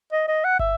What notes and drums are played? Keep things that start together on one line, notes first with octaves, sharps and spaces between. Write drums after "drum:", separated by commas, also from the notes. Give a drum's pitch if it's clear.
D#5
D#5
F#5
E5, drum: kick